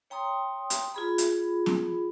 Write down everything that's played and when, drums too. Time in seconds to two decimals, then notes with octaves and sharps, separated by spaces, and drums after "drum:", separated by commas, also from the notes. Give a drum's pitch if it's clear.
0.10 C#5 G5 A#5 C6 D#6
0.70 drum: hi-hat
0.94 F4 G#4 B5
1.18 drum: hi-hat
1.66 drum: snare